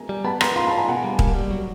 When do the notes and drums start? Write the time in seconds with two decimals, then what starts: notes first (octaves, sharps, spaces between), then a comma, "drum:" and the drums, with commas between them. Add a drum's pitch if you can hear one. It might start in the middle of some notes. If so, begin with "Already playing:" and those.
Already playing: G#5 A#5
0.09 G3
0.25 B3 A5 B5
0.41 B3 A#5 C6, drum: rim click
0.56 F4 A#5 C6
0.66 A5 B5
0.72 D4
0.78 G#5 A#5
0.88 B2 F#5 G#5
1.04 G3
1.19 A#3, drum: kick
1.35 G3
1.51 F#3